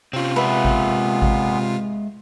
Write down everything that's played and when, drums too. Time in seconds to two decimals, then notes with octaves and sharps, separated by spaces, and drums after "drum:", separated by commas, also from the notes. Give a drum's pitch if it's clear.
0.13 C3 C4 C#4 F4
0.36 A#2 G#3 B3 B4 E5
0.65 drum: kick G#1
1.22 drum: kick G#1